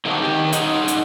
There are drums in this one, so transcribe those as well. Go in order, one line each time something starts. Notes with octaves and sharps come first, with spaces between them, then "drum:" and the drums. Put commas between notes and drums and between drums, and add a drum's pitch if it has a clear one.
D3 D#3 G#3 C4 D4 F#4
D#3 G4
D3 D#4 D#5 F#5, drum: hi-hat
drum: hi-hat